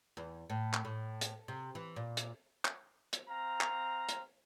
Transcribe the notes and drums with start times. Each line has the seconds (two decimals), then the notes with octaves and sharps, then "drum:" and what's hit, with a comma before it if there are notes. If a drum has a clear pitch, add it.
0.17 E2
0.50 A2
0.74 drum: clap
0.85 A2
1.21 drum: hi-hat
1.48 C3
1.75 E3
1.96 A#2
2.17 drum: hi-hat
2.65 drum: clap
3.13 drum: hi-hat
3.28 C4 F5 A#5
3.61 drum: clap
4.09 drum: hi-hat